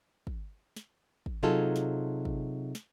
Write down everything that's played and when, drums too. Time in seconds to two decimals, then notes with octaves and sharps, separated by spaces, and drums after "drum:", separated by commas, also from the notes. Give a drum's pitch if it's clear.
0.27 drum: kick
0.76 drum: snare
1.26 drum: kick
1.43 C3 F#3 D#4 F4 G#4 A4
1.76 drum: snare
2.25 drum: kick
2.75 drum: snare